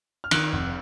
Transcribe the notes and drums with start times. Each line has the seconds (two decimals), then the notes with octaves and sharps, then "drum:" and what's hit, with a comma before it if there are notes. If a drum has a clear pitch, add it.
0.24 F6
0.31 D#3 F#6, drum: cymbal
0.52 F1